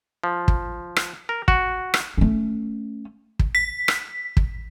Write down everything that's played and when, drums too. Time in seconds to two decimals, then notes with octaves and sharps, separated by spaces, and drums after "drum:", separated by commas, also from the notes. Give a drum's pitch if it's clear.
0.24 F3
0.48 drum: kick
0.96 drum: rim click
1.29 A#4
1.48 F#4, drum: kick
1.94 drum: rim click
2.17 A3 C#4
3.39 drum: kick
3.55 B6
3.88 drum: rim click
4.37 drum: kick